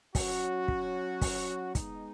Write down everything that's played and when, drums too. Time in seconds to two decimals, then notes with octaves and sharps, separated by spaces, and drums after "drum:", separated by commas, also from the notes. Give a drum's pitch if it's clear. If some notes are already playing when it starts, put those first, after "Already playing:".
0.15 F#3 C#4 F#4, drum: kick, open hi-hat
0.68 drum: kick
1.21 drum: kick, open hi-hat
1.75 G#3 B3 D#4, drum: kick, hi-hat